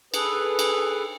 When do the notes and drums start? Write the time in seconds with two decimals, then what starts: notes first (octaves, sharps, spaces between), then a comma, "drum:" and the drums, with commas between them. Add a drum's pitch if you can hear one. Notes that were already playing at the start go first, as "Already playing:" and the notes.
0.14 G#4 A4 B4, drum: cymbal
0.59 drum: cymbal